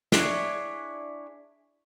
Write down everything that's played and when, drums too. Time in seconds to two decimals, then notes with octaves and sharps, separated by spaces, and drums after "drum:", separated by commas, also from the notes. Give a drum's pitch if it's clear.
0.12 D4 E4 G#4 C#5, drum: snare